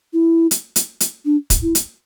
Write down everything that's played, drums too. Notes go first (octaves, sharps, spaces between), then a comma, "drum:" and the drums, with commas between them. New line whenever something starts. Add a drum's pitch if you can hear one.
E4
drum: hi-hat
drum: hi-hat
drum: hi-hat
D4
drum: kick, hi-hat
E4
drum: hi-hat